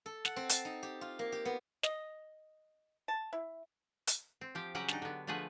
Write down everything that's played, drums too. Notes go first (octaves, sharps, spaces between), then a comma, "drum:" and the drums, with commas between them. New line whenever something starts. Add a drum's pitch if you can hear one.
A4
F#5, drum: snare
C4
A5, drum: hi-hat
D#4
G4
F4
A#3
G4
B3
D#5, drum: snare
A5
E4
drum: hi-hat
C4
F3 G4
C#3 F#3 C#4 G4 F#5 G5
D4 D#4, drum: snare
D3 B3
D3 F3 A3 G#4 B4